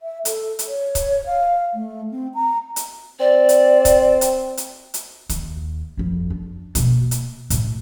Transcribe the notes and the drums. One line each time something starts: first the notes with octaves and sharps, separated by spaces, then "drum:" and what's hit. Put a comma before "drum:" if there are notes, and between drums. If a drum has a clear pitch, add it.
E5
A4, drum: hi-hat
drum: hi-hat
C#5
drum: kick C#1, hi-hat
F5
A3
C4
A#5
drum: hi-hat
C4 D5
drum: hi-hat
drum: kick C#1, hi-hat
drum: hi-hat
drum: hi-hat
drum: hi-hat
D#2, drum: kick C#1, hi-hat
G1 F2
D4
B2 A#3, drum: kick C#1, hi-hat
drum: hi-hat
A2 C3, drum: hi-hat